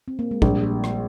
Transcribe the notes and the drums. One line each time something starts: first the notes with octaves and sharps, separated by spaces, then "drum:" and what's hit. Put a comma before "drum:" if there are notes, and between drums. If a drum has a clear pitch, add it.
C4
A#3
G#3
A#1 G3, drum: kick
drum: rim click